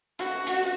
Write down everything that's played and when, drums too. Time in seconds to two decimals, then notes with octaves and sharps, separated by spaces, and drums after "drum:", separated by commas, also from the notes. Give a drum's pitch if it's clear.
0.19 F#4, drum: hi-hat
0.47 drum: hi-hat